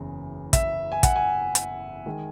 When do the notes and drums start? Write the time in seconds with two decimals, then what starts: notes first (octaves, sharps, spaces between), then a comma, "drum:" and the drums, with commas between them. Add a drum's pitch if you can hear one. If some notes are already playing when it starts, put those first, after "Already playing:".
Already playing: F#1 E2 C#3
0.53 E5, drum: kick, hi-hat
0.92 G#5
1.03 F#5, drum: kick, hi-hat
1.16 G#5
1.55 drum: hi-hat
2.06 D#3 G#3